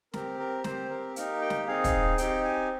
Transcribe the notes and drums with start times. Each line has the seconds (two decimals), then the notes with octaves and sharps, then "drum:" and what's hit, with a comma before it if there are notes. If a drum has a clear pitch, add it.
0.14 C4 G4 A#4, drum: snare
0.39 A#4
0.64 C4 G4 C5, drum: snare
0.90 A#4
1.16 A#3 D#4 G4 A#4, drum: hi-hat
1.41 G5
1.50 drum: snare
1.67 C4 D#4 G#4 F5
1.84 drum: kick, hi-hat
2.18 C4 D#4 G4 G5, drum: hi-hat
2.44 G#5